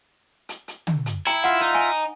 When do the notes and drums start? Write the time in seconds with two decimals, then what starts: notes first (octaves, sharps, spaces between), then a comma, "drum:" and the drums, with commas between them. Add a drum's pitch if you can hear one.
0.49 drum: hi-hat
0.68 drum: hi-hat
0.87 drum: tom
1.06 drum: hi-hat
1.27 E4 G5 A#5, drum: hi-hat
1.44 F4 E5 F#5, drum: hi-hat
1.62 D#4
1.75 G#5